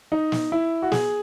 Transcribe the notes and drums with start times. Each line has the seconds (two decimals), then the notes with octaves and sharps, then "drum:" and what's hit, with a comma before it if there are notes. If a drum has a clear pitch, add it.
0.12 D#4
0.32 drum: snare
0.52 E4
0.82 F#4
0.92 G#4, drum: snare